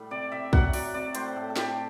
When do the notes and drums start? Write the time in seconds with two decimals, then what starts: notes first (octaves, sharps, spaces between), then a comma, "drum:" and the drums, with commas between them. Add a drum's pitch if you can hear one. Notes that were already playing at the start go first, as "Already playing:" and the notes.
Already playing: A2 G3
0.11 C3 D5
0.32 C3 E5
0.53 F#3 F#5, drum: kick
0.73 F#3 D5, drum: open hi-hat
0.94 C3 D5
1.15 A2 C5, drum: hi-hat
1.36 A2 A4
1.50 A4
1.56 A2 G4, drum: snare